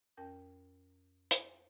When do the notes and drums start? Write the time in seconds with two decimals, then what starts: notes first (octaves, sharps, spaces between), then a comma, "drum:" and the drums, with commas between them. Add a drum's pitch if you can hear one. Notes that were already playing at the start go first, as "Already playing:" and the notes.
0.17 F2 C#4 A#4 G5 G6
1.31 drum: hi-hat